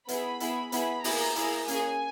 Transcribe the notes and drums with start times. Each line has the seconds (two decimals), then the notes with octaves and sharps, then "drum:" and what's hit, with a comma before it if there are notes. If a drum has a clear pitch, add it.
0.08 B3 E4 G#4 B5, drum: hi-hat
0.40 B3 E4 G#4, drum: hi-hat
0.72 B3 E4 G#4 B5, drum: hi-hat
1.04 A#3 E4 G#4 A#5, drum: open hi-hat
1.36 A#3 E4 G#4, drum: hi-hat
1.68 A#3 C#4 G#4 G#5, drum: hi-hat